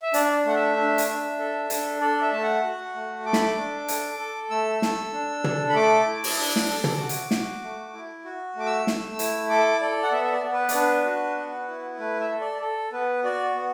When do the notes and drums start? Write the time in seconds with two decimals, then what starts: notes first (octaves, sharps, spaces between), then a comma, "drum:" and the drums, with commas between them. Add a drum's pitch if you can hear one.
0.02 E5
0.14 D4 D5, drum: hi-hat
0.45 A3 F#5
0.55 E5
0.77 D4
0.98 drum: hi-hat
1.08 D4
1.39 A4
1.70 D4, drum: hi-hat
2.01 A4 D5
2.21 E5
2.32 A3 A5
2.43 F#5
2.64 F#4
2.95 A3
3.25 A4 D6
3.33 B5, drum: snare
3.42 D6
3.57 D4
3.88 A4, drum: hi-hat
4.19 A4
4.50 A3 E6
4.82 A4, drum: snare
5.13 D4
5.44 A4, drum: tom
5.69 B5
5.75 A3 D6
6.06 E4
6.24 drum: open hi-hat
6.38 D4
6.56 drum: snare
6.69 A4
6.84 drum: tom
7.00 F#4
7.09 drum: hi-hat
7.31 F#4, drum: snare
7.62 A3
7.93 E4
8.25 F#4
8.56 A3 D6
8.66 E6
8.87 A3, drum: snare
9.19 E4, drum: hi-hat
9.49 A4 D6
9.81 A4 D5
10.03 F#5
10.12 B3 E5
10.24 E5
10.32 D5
10.43 B3
10.54 B4
10.69 D5, drum: hi-hat
10.74 D4 B4
11.05 F#4
11.37 B3
11.68 E4
11.99 A3 B4
12.20 E5
12.31 A4
12.41 D5
12.61 A4
12.93 B3 B4
13.24 F#4 D5
13.55 B3